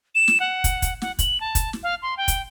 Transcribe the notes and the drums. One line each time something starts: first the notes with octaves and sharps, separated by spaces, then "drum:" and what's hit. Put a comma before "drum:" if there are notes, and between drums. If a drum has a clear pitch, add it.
E7
drum: snare
F#5
drum: kick, hi-hat
drum: kick, hi-hat
F#5, drum: snare
F#7, drum: kick, hi-hat
A5
drum: kick, hi-hat
drum: snare
F5
C6
G5
drum: kick, hi-hat